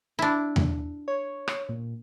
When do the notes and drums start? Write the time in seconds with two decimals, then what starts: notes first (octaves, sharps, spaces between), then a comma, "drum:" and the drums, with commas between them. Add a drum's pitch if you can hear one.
0.19 D4 E4
0.56 drum: tom E2
1.08 C#5
1.48 drum: rim click
1.69 A#2